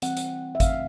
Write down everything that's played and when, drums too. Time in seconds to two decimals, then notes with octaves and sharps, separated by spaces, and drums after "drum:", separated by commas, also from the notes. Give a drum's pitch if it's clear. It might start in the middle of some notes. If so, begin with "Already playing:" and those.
0.02 E3 G3 C4 F#5, drum: hi-hat
0.17 drum: hi-hat
0.55 E5
0.60 C#3 E3 A3 C4 F5, drum: kick G#1, hi-hat